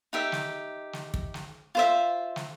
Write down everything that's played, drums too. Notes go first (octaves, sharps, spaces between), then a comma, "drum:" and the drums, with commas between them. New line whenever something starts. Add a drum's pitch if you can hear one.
D#4 G4 E5
drum: snare
drum: snare
drum: kick
drum: snare
F4 C5 E5
drum: snare